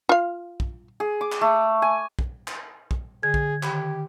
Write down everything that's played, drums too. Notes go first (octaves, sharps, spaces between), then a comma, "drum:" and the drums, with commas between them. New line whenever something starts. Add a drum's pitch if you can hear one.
F4 F5
drum: kick
G#4
D6
drum: clap
A3
G#5
drum: kick
drum: clap
drum: kick
D3 G#4 G#6
drum: kick
D#3 G4 B5, drum: clap